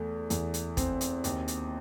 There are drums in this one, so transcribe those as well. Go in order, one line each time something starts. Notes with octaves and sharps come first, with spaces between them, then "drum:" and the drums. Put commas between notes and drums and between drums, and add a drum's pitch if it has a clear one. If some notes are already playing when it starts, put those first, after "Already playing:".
Already playing: E2 A3
E2, drum: hi-hat
drum: hi-hat
C4, drum: kick, hi-hat
drum: hi-hat
D#2, drum: hi-hat
drum: hi-hat